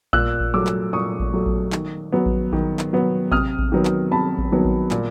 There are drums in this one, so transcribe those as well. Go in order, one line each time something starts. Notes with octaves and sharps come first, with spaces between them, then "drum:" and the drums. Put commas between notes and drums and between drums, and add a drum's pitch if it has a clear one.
A#2 E6 F#6, drum: kick A1
drum: kick A1
F#3 A3 D6 E6
drum: clap
A#2 C#6 D#6
drum: kick A1
F#3 A3
drum: kick A1
D#3, drum: clap
F#3 B3
drum: kick A1
D#3, drum: kick A1
drum: clap
F#3 B3
C3 D#6 F6, drum: kick A1
drum: kick A1
D#3 F#3 B3
drum: clap
C3 A5 B5
drum: kick A1
D#3 F#3 B3
drum: kick A1
A#2, drum: clap